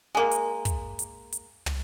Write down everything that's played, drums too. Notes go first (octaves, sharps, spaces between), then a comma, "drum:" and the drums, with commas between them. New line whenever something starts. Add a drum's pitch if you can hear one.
G#3 A#3
drum: hi-hat
drum: kick, hi-hat
drum: hi-hat
drum: hi-hat
drum: tom